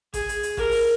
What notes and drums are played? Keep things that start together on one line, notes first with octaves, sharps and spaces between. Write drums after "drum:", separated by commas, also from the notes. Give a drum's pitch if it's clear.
G#4, drum: kick A1, hi-hat
drum: hi-hat
drum: hi-hat
A#4, drum: kick A1
drum: open hi-hat